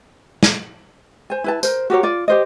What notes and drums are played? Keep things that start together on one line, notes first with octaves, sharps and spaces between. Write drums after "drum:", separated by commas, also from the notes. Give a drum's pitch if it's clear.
drum: snare
C5 G#5
E4 B4 A5
A#4 C5, drum: tambourine
F#4 G4 A#4 C#5
F4 D5
G4 C5 D#5